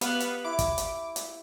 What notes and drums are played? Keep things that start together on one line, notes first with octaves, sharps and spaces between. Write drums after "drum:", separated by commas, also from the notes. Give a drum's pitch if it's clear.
B3 G4 B4 F5, drum: hi-hat
drum: hi-hat
E4 D6
drum: kick, hi-hat
drum: hi-hat
drum: hi-hat